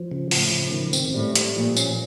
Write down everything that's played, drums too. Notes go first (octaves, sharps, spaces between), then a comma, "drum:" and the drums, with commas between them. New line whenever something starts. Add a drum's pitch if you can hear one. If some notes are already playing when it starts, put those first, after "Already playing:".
Already playing: F3
C#3
A2 F3, drum: open hi-hat
C#3
D#3
C4, drum: tambourine
A2 G3
G3, drum: hi-hat
A#2 F3
C#4, drum: tambourine